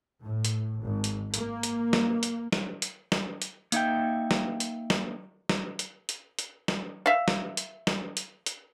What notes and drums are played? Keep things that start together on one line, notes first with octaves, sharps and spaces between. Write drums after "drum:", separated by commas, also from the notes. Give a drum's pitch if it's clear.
A2
drum: hi-hat
G#1
drum: hi-hat
A#3, drum: hi-hat
drum: hi-hat
drum: snare
drum: hi-hat
drum: snare
drum: hi-hat
drum: snare
drum: hi-hat
A#3 D#4 E5 G5, drum: hi-hat
drum: snare
drum: hi-hat
drum: snare
drum: snare
drum: hi-hat
drum: hi-hat
drum: hi-hat
drum: snare
E5 F5
drum: snare
drum: hi-hat
drum: snare
drum: hi-hat
drum: hi-hat